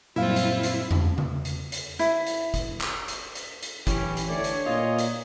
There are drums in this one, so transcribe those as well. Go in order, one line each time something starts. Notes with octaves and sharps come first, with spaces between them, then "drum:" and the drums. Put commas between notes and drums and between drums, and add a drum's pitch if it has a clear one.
F#2 A#2 G3 C4 E4 F4 F5
drum: hi-hat
drum: hi-hat
drum: tom E2
drum: tom C#3
drum: hi-hat
drum: hi-hat
E4, drum: hi-hat
drum: hi-hat
drum: kick, hi-hat
drum: clap
drum: hi-hat
drum: hi-hat
drum: hi-hat
E3 C#4 G4, drum: kick, hi-hat
drum: hi-hat
D3 A3 C#5 D5
drum: hi-hat
A#2 F4 D#5
drum: hi-hat